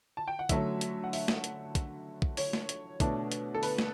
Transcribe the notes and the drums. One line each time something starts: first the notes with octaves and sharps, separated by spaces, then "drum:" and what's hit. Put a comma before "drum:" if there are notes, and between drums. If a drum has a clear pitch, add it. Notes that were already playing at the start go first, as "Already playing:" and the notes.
A5
G5
F#5
D3 F#3 A3 C#4 E5, drum: kick, hi-hat
drum: hi-hat
F#5
E5, drum: open hi-hat
drum: snare
drum: hi-hat
drum: kick, hi-hat
drum: kick
C#5, drum: open hi-hat
drum: snare
drum: hi-hat
B2 A3 D4, drum: kick, hi-hat
drum: hi-hat
A4
B4, drum: open hi-hat
drum: snare